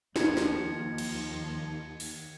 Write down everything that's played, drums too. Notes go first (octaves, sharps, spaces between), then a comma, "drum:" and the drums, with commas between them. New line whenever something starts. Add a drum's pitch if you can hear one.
D#2 F3 G#6 C#7, drum: snare
drum: snare
drum: cymbal
drum: open hi-hat